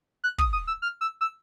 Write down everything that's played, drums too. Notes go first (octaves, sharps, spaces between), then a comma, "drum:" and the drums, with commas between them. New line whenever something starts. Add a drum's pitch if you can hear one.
F#6
D#6, drum: kick
D#6
E6
F6
E6
E6